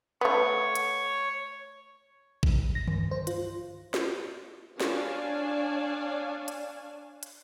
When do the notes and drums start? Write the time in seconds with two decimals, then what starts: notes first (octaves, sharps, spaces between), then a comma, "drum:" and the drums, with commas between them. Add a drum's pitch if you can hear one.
0.21 A3 B3 C#5
0.75 drum: hi-hat
2.43 drum: kick A#1
2.75 A#6
2.87 G2, drum: tom D3
3.11 C5
3.27 F4, drum: hi-hat
3.94 drum: snare
4.80 D4 C#5 D5 F5 G#5 A5, drum: snare
6.48 drum: hi-hat
7.23 drum: hi-hat